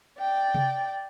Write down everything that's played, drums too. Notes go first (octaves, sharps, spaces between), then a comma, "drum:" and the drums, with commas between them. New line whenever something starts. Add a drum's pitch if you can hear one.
D5 G5
drum: tom C3